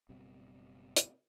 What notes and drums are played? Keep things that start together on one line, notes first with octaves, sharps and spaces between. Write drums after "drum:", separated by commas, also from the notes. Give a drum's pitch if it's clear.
F#1 B2 G3 C4
drum: hi-hat